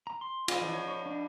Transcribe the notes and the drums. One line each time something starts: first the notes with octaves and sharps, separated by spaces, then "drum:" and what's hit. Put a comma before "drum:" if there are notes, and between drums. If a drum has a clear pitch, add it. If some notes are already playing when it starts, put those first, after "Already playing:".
A#5
C6
F4, drum: cymbal
E3
C#5
C#5
D4